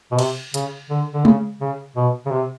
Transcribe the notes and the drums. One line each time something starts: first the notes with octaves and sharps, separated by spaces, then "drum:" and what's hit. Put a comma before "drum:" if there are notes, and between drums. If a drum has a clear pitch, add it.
B2
C3, drum: cymbal
C#3, drum: hi-hat
D3
D3
C#3, drum: tom G#3
C#3
B2
C#3
C3